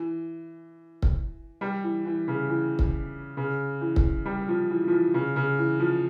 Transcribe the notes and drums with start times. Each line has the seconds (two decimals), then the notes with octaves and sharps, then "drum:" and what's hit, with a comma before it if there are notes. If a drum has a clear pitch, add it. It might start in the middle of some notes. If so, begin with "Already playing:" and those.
Already playing: E3
1.03 drum: kick C#1
1.61 G3
1.83 E3
2.05 E3
2.28 C#3
2.49 E3
2.79 drum: kick C#1
3.37 C#3
3.81 E3
3.96 drum: kick C#1
4.26 G3
4.48 F3
4.70 E3
4.88 F3
4.92 E3
5.14 C#3
5.36 C#3
5.59 E3
5.80 F3